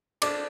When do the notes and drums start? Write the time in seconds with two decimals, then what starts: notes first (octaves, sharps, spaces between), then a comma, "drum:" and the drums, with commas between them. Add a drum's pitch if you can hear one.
0.22 D4 D6, drum: cymbal